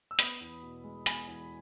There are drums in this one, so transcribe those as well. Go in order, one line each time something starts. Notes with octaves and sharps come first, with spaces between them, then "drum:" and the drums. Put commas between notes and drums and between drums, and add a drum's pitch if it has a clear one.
E6
B3 B5 D#6, drum: hi-hat
E2
B2
G#3
B3 G#5 B5, drum: hi-hat
E2